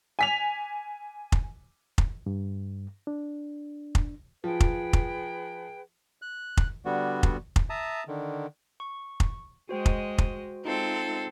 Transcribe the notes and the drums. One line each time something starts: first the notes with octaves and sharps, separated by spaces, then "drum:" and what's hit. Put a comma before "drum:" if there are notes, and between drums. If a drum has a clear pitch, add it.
G#5 B6 F7
drum: kick F1
drum: kick F1
G2
D4
drum: kick F1
F3 G#4 B4 G5
drum: kick F1
drum: kick F1
F#6
drum: kick F1
D3 G3 B3 F#4
drum: kick F1
drum: kick F1
E5 A5 A#5 D#6
D3 D#3
C#6
drum: kick F1
G#3 F#4 C5 D#5 G5
drum: kick F1
drum: kick F1
G#3 C4 D#4 F4 A4